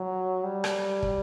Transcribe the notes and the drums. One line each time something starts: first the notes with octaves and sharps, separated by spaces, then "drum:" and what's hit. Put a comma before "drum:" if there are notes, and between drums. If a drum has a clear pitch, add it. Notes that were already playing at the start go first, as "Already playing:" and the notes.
Already playing: F#3
G3
drum: rim click
drum: kick